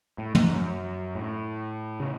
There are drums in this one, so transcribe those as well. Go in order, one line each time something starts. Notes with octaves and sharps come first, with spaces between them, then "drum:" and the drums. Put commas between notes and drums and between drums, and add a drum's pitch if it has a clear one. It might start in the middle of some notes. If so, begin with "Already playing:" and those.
A2
G#2, drum: tom
F#2
A2
C#3